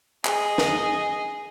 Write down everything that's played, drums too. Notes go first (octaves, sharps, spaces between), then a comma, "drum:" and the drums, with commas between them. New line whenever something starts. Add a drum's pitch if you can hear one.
G#4 D#5, drum: clap
drum: snare